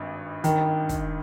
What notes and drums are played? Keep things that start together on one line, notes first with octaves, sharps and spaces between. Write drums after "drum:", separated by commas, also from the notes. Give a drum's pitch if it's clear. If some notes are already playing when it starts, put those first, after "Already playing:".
Already playing: G#1 G2
D#3, drum: hi-hat
drum: kick, hi-hat